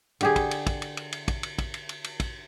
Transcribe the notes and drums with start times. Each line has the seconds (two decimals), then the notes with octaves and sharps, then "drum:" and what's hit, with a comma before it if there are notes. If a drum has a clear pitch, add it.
0.21 D3 G4 G#4, drum: cymbal
0.36 drum: kick, cymbal
0.51 drum: cymbal
0.67 drum: kick, cymbal
0.82 drum: cymbal
0.97 drum: cymbal
1.13 drum: cymbal
1.28 drum: kick, cymbal
1.43 drum: cymbal
1.58 drum: kick, cymbal
1.74 drum: cymbal
1.89 drum: cymbal
2.04 drum: cymbal
2.20 drum: kick, cymbal